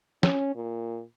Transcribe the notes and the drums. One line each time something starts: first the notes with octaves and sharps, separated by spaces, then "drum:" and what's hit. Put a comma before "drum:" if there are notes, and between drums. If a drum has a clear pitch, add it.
C#4, drum: snare
A#2